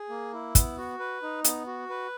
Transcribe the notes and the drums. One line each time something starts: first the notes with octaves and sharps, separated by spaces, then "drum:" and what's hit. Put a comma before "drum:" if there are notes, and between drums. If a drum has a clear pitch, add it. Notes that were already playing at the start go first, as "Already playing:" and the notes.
Already playing: G#4
A#3
E4
B3, drum: kick, hi-hat
F#4
B4
D#4
B3, drum: hi-hat
F#4
B4